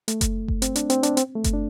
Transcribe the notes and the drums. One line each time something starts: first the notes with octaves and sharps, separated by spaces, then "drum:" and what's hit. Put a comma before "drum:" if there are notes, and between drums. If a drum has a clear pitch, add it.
A3, drum: hi-hat
drum: kick F#1, hi-hat
drum: kick F#1
C4, drum: hi-hat
D4, drum: hi-hat
C4, drum: hi-hat
D4, drum: hi-hat
C4, drum: hi-hat
A3
drum: kick F#1, hi-hat
D4